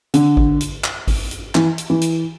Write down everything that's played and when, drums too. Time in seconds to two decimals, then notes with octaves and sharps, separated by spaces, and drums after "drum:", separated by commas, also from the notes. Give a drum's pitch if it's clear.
0.14 D3, drum: hi-hat
0.37 drum: kick G#1
0.61 drum: hi-hat
0.84 drum: clap
1.08 drum: kick G#1, open hi-hat
1.31 drum: hi-hat
1.55 E3, drum: clap
1.78 drum: hi-hat
1.90 E3
2.01 drum: hi-hat